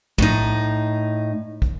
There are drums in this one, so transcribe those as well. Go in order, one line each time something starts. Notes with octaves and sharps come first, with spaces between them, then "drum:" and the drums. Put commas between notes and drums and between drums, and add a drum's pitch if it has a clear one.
A2 D#4, drum: kick
drum: kick